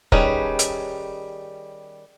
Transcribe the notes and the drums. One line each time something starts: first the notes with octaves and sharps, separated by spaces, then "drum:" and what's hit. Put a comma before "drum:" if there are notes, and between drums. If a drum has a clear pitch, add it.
D#3 G3 C#4 G#4 B4, drum: kick
drum: hi-hat